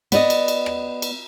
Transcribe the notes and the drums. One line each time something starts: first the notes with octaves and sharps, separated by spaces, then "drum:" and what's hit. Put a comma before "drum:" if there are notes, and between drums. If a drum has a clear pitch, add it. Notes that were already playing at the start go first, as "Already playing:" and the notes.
B3 D5 D#5, drum: cymbal
drum: cymbal
drum: cymbal
drum: rim click
drum: cymbal